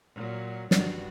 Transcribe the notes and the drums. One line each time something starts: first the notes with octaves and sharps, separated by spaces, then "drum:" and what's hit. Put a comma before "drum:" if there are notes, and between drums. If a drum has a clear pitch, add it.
A#2 F#3
G2 D4 F#4, drum: snare